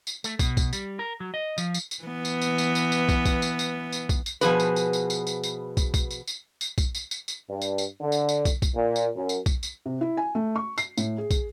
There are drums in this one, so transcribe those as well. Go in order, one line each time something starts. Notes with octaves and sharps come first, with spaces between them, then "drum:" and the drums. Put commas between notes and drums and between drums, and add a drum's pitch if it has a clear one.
drum: tambourine
A3, drum: tambourine
B2, drum: kick, tambourine
drum: kick, tambourine
G3, drum: tambourine
A#4
F#3
D#5
F3, drum: tambourine
drum: tambourine
drum: tambourine
E3 B3
drum: tambourine
drum: tambourine
drum: tambourine
drum: tambourine
drum: tambourine
drum: kick, tambourine
drum: kick, tambourine
drum: tambourine
drum: tambourine
drum: tambourine
drum: kick, tambourine
drum: tambourine
B2 F3 G#4 B4, drum: tambourine
drum: tambourine
drum: tambourine
drum: tambourine
drum: tambourine
drum: tambourine
drum: tambourine
drum: kick, tambourine
drum: kick, tambourine
drum: tambourine
drum: tambourine
drum: tambourine
drum: kick, tambourine
drum: tambourine
drum: tambourine
drum: tambourine
G2
drum: tambourine
drum: tambourine
D3
drum: tambourine
drum: tambourine
drum: kick, tambourine
drum: kick, tambourine
A#2
drum: tambourine
F#2
drum: tambourine
drum: kick, tambourine
drum: tambourine
C3
E4
G#5
A3
C#6
C7, drum: tambourine
A2, drum: tambourine
G#4
drum: kick, tambourine